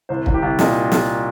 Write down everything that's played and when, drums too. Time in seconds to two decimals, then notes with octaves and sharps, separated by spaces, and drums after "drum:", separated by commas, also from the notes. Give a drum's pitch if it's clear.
0.09 C2 C5
0.26 C2, drum: kick
0.34 G4
0.42 C2
0.59 A#2 D#4, drum: snare
0.92 drum: snare